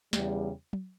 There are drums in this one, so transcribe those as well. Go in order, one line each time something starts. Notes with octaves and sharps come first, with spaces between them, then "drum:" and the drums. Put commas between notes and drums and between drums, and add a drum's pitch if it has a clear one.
E2 C#3 G3, drum: snare
drum: tom